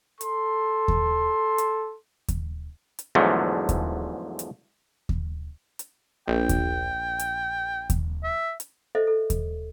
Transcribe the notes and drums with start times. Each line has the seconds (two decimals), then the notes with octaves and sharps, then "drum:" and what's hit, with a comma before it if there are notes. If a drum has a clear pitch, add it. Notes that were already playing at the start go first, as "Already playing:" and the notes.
0.21 A4 C6, drum: hi-hat
0.88 drum: kick D#2
1.58 drum: hi-hat
2.28 drum: kick D#2, hi-hat
2.99 drum: hi-hat
3.15 E2 G#2 D3 F3 F#3 A3
3.69 drum: kick D#2, hi-hat
4.39 drum: hi-hat
5.09 drum: kick D#2
5.79 drum: hi-hat
6.28 A#1 G5
6.49 drum: kick D#2, hi-hat
7.19 drum: hi-hat
7.90 drum: kick D#2, hi-hat
8.24 E5
8.60 drum: hi-hat
8.95 A4 C5 D#5 E5
9.07 A4
9.30 drum: kick D#2, hi-hat